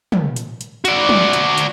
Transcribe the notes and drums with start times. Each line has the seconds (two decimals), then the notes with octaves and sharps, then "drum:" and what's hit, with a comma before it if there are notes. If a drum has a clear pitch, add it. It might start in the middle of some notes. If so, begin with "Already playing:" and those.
0.12 drum: tom
0.36 drum: hi-hat
0.61 drum: hi-hat
0.85 F#4 D5, drum: hi-hat
1.09 drum: tom
1.33 drum: hi-hat
1.58 drum: hi-hat